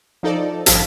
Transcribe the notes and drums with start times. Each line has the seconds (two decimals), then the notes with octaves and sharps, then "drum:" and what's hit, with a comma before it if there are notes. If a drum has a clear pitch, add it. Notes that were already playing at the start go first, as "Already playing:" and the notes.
0.23 F3 D#4 A4 D5
0.66 A1 G2 F3 A5 A#6 B6, drum: hi-hat